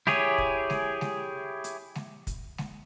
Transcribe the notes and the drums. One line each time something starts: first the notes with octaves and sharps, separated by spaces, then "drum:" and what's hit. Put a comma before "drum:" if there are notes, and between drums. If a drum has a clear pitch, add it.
E4 G4 G#4 C#5, drum: snare G#3
drum: kick
drum: snare G#3
drum: snare G#3
drum: hi-hat
drum: snare G#3
drum: kick, hi-hat
drum: snare G#3